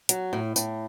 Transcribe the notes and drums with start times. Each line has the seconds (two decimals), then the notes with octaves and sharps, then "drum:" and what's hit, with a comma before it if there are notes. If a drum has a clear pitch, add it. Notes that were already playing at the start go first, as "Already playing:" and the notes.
0.09 F#3, drum: hi-hat
0.33 A2
0.56 A2, drum: tambourine